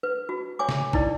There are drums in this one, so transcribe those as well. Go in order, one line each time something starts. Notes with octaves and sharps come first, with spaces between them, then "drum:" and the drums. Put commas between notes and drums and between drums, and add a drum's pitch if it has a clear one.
B4
F#4
C#5 G#5 D6
drum: snare
D#4 E4 D5, drum: kick G#1